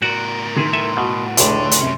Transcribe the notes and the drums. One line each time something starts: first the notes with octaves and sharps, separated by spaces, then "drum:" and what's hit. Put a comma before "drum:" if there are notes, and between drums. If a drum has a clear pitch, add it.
A2 F#4 A#4 D5
D#3 E4 G#4 C6
A4 E5 G#5
B2 F#4
F1 C#2 A2 D3 D4 G#4 A4 C6, drum: hi-hat
drum: hi-hat
F#2 C3 C#4